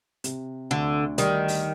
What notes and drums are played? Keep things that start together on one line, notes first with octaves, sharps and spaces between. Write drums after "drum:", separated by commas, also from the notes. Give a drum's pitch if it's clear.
C3, drum: hi-hat
D2 D3
D#3 G3, drum: hi-hat
drum: open hi-hat